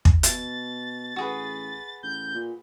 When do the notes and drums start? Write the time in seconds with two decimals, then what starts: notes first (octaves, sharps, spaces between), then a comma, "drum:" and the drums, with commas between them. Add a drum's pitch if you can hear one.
0.05 drum: kick
0.23 B2 A6, drum: hi-hat
1.16 A1 F#4 G#4 B4
2.03 A1 G6
2.34 A#2